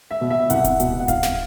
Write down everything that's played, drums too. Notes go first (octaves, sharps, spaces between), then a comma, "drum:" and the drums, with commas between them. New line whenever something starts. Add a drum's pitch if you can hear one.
E5
B2
E5
C2 F#5, drum: hi-hat
drum: kick D1, hi-hat
B2, drum: hi-hat
F#5
C2 F5, drum: kick D1, hi-hat
drum: snare